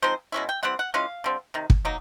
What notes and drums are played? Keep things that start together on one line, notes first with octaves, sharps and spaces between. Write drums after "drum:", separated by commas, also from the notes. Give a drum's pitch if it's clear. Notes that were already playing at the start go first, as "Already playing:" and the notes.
F3 G#3 C4 D#4 C5
B2 G#3 C#4 E4
G5
E3 G3 C4 F#5
F#5
E3 G#3 C#4 F4 F5
D3 G3 C4
C3 D#3
drum: kick
F#3 A#3 D#4